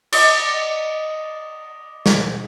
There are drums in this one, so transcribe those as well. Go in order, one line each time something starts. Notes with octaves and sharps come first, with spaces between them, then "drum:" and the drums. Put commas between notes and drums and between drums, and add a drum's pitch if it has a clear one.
D5 D#5, drum: cymbal
drum: snare